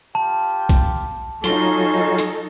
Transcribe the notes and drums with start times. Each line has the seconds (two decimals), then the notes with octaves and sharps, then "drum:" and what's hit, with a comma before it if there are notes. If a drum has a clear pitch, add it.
0.15 F4 G4 G5 A5
0.69 drum: kick, hi-hat
1.44 F#3 D#4 F4 A4 G#5 C#6 G7, drum: hi-hat
2.18 drum: hi-hat